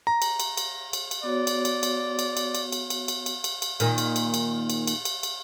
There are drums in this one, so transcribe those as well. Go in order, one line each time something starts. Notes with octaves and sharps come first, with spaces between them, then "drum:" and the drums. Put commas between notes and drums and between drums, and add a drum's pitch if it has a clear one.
A#5
drum: cymbal
drum: cymbal
drum: cymbal
drum: cymbal
drum: cymbal
B3 F#4 C#5 D5
drum: cymbal
drum: cymbal
drum: cymbal
drum: cymbal
drum: cymbal
drum: cymbal
drum: cymbal
drum: cymbal
drum: cymbal
drum: cymbal
drum: cymbal
drum: cymbal
A#2 D#3 A#3, drum: cymbal
drum: cymbal
drum: cymbal
drum: cymbal
drum: cymbal
drum: cymbal
drum: cymbal
drum: cymbal